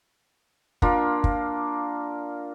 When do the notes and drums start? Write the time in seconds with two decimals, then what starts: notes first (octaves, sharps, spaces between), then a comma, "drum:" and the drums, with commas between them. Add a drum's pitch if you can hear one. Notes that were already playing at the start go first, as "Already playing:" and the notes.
0.82 A#3 D4 F4, drum: kick
1.24 drum: kick